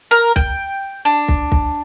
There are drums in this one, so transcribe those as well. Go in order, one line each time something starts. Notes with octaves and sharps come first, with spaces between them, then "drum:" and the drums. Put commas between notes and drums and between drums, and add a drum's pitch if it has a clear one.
A#4
G5, drum: kick
D4
drum: kick
drum: kick